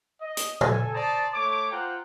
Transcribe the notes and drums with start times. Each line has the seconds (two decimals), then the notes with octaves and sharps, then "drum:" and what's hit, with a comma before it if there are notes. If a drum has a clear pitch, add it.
0.21 D#5
0.37 drum: hi-hat
0.61 A4 G#5, drum: tom A#2
0.93 C5 D5 A5 A#5 D#6
1.33 A3 C#5 D6
1.71 F4 C5 F#5 G5 A#5